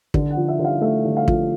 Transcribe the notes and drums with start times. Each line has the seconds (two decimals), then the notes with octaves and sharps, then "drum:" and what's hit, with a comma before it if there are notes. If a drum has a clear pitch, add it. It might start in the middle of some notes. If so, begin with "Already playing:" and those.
0.14 D3, drum: kick
0.31 F#5
0.36 F3
0.48 E5
0.59 D3
0.65 F5
0.81 A3 E5
1.05 D3
1.17 F5
1.28 F3, drum: kick